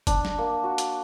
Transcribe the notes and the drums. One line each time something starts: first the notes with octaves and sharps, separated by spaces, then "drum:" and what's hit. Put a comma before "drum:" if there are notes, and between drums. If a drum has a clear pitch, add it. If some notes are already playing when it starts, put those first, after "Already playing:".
D4, drum: kick F#1, hi-hat
drum: snare
A#3
F#4
drum: hi-hat